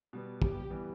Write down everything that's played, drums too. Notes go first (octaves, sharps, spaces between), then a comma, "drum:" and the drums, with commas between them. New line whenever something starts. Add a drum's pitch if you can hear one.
B2 G3 B3
G4, drum: kick
E3 G3 B3